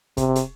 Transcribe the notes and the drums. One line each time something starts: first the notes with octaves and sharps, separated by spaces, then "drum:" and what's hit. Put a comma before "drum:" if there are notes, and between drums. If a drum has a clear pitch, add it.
C3, drum: kick, hi-hat
drum: hi-hat